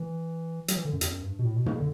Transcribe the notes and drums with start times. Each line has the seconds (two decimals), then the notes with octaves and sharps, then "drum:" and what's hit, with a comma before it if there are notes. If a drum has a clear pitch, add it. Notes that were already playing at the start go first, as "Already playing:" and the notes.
Already playing: E3
0.68 F#3, drum: hi-hat
0.77 E3
0.85 D3
0.93 F#2
1.01 E2, drum: hi-hat
1.11 F#2
1.23 G2
1.39 B2
1.45 A2
1.56 B2
1.66 C#3, drum: tom
1.78 D3